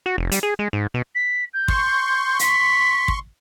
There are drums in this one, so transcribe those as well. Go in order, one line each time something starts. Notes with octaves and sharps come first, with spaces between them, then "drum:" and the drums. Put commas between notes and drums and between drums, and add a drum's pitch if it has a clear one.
F#4
F1
G3, drum: hi-hat
G#4
G#3
G#2
B2
B6
G6
C6 C#6, drum: kick
B6, drum: hi-hat
drum: kick